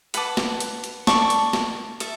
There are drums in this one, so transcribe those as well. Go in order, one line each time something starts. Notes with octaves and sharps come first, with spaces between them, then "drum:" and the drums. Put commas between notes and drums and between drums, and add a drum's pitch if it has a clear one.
B4 F#5 A5 D6, drum: hi-hat
drum: snare
drum: hi-hat
drum: hi-hat
A4 D5 A5 C#6, drum: snare
drum: hi-hat
drum: snare
A4 E5, drum: hi-hat